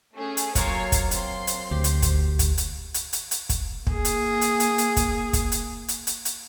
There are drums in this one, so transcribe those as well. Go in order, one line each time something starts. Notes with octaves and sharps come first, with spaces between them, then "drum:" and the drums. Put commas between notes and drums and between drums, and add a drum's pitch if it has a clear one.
A3 C#4 G#4
drum: hi-hat
F#3 A#3 F4 C#5 G#6 C7, drum: kick, hi-hat
drum: kick, hi-hat
C4 C6, drum: hi-hat
drum: hi-hat
D2 G4
drum: hi-hat
drum: kick, hi-hat
drum: kick, hi-hat
drum: hi-hat
drum: hi-hat
drum: hi-hat
drum: hi-hat
drum: kick, hi-hat
A#3 G#4, drum: kick
drum: hi-hat
drum: hi-hat
drum: hi-hat
drum: hi-hat
drum: kick, hi-hat
drum: kick, hi-hat
drum: hi-hat
drum: hi-hat
drum: hi-hat
drum: hi-hat